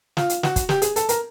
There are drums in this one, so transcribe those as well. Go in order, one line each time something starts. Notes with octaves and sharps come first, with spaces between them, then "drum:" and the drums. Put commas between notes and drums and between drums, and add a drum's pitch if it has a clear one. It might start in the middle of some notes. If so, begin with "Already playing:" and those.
F4, drum: snare
drum: hi-hat
F#4, drum: snare
drum: kick, hi-hat
G4, drum: snare
G#4, drum: hi-hat
A4, drum: hi-hat
A#4, drum: hi-hat